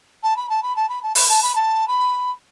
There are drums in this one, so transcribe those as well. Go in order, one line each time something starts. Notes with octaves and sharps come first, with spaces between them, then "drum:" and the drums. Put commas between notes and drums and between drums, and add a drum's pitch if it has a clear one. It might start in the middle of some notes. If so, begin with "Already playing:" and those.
A5
B5
A5
B5
A5
B5
A5
B5, drum: open hi-hat
A5
B5
A5
B5